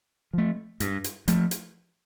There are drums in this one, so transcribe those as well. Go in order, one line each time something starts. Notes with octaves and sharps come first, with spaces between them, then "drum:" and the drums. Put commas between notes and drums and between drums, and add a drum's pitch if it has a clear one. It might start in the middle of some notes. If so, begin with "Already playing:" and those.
F3 A3
G2, drum: hi-hat
drum: hi-hat
F3 A3, drum: hi-hat
drum: hi-hat